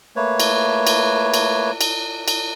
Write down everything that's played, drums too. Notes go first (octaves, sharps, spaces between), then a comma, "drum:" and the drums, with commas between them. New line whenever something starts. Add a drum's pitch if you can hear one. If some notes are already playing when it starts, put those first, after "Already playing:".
A3 A#3 B4 C#5
drum: cymbal
drum: cymbal
drum: cymbal
drum: cymbal
drum: cymbal